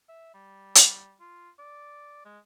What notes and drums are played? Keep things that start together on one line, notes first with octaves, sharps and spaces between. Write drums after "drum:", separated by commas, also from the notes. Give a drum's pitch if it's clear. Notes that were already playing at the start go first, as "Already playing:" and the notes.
E5
G3
drum: hi-hat
F4
D5
G#3